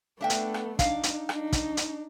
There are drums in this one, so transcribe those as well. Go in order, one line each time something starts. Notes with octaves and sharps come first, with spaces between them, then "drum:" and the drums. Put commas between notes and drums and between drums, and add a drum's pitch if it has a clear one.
A3 B3 D4 E5 G5
drum: hi-hat
drum: rim click
D4 D#4 F5, drum: kick, hi-hat
drum: hi-hat
D4 D#4, drum: rim click
drum: kick, hi-hat
drum: hi-hat